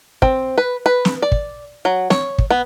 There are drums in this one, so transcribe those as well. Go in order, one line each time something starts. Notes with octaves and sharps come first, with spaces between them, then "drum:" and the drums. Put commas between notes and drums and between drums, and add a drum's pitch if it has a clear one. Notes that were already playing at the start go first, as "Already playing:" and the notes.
C4, drum: kick
B4
B4
drum: snare
D5
drum: kick
F#3
C#5, drum: snare
drum: kick
B3